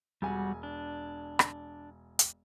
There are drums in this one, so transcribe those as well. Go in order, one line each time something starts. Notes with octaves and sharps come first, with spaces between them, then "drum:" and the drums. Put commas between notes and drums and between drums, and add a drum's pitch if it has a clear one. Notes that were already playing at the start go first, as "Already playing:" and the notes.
E1 G3 F#4 G#5
D4
drum: rim click
drum: hi-hat